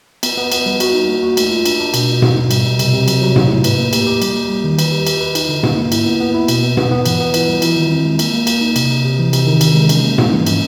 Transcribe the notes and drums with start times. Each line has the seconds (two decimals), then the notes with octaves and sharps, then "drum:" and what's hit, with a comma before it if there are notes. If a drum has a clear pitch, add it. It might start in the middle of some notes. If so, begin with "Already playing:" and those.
0.23 B3, drum: cymbal
0.38 B3
0.52 B3, drum: cymbal
0.66 G3
0.80 F#4, drum: cymbal
0.94 D#4
1.08 A#3
1.23 F#4
1.37 A3, drum: cymbal
1.51 F4
1.66 D4, drum: cymbal
1.80 D4
1.94 B2, drum: cymbal
2.08 B2
2.22 B2, drum: tom G#2
2.36 B2
2.51 G3, drum: cymbal
2.65 G3
2.79 C3, drum: cymbal
2.93 C3
3.08 F#3, drum: cymbal
3.22 F#3
3.36 A2, drum: tom G#2
3.50 A2
3.64 B4, drum: cymbal
3.78 A#3
3.93 G4, drum: cymbal
4.06 G4
4.22 G3, drum: cymbal
4.35 A#3
4.49 G3
4.64 D#3
4.79 B4, drum: cymbal
4.92 G4
5.07 G4, drum: cymbal
5.21 B4
5.35 D#4, drum: cymbal
5.49 D3
5.63 A#3, drum: tom G#2
5.77 A#3
5.92 E4, drum: cymbal
6.06 B3
6.20 B3
6.34 E4
6.48 B2, drum: cymbal
6.63 B3
6.77 B3, drum: tom G#2
6.91 B3
7.06 E3, drum: cymbal
7.20 B3
7.34 E3, drum: cymbal
7.48 G3
7.62 E4, drum: cymbal
7.76 D#3
7.91 C4
8.04 G#3
8.19 A#3, drum: cymbal
8.33 A#3
8.47 A#3, drum: cymbal
8.61 D#4
8.76 C3, drum: cymbal
8.90 C3
9.05 C3
9.19 E3
9.33 C3, drum: cymbal
9.47 D#3
9.61 C3, drum: cymbal
9.75 G#3
9.89 C#4, drum: cymbal
10.04 A#3
10.18 G3, drum: tom G#2
10.32 E3
10.46 C#4, drum: cymbal